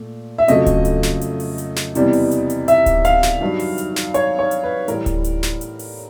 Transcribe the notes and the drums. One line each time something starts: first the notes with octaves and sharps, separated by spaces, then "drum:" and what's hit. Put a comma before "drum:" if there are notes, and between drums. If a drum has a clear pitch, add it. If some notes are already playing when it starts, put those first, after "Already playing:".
Already playing: A#2 A3
E5
F2 C#3 F#3 A3 D#5, drum: hi-hat
drum: kick D1, hi-hat
drum: hi-hat
drum: snare
drum: hi-hat
drum: open hi-hat
drum: hi-hat
drum: snare
E2 C3 E3 G3, drum: hi-hat
drum: open hi-hat
drum: hi-hat
drum: hi-hat
E5, drum: hi-hat
drum: kick D1, hi-hat
F5, drum: hi-hat
drum: snare
G2 D#3 F#3
drum: open hi-hat
drum: hi-hat
drum: snare
C#5, drum: hi-hat
C#5
drum: hi-hat
B4
A2 E3 G3 A#4, drum: hi-hat
drum: kick D1, hi-hat
drum: hi-hat
drum: snare
drum: hi-hat
drum: open hi-hat